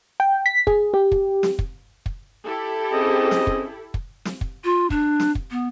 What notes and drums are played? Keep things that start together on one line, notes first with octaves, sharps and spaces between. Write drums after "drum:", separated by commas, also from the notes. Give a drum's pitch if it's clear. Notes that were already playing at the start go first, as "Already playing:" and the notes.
G5
B6
G#4, drum: kick
G4
drum: kick
drum: snare
drum: kick
drum: kick
E4 G4 A4
C4 C#4 G#4 D#5
drum: snare
drum: kick
drum: kick
drum: snare
drum: kick
F4
D4, drum: kick
drum: snare
drum: kick
B3